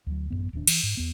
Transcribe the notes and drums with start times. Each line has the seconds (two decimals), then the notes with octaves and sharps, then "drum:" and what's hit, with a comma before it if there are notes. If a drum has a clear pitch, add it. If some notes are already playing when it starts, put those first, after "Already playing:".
0.07 D2 F#3
0.30 A1 F#2 A#2 B3
0.53 D1 D#2 C#4 D4
0.67 E3, drum: cymbal
0.83 G#2
0.97 E2 B3